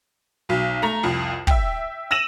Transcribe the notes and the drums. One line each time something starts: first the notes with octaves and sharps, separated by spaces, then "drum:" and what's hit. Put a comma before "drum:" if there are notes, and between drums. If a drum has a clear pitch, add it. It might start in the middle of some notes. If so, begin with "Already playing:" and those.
B1 F#3
A3 A#5
C2 F2
E5 G5, drum: kick
E6 A#6 D#7 E7 F#7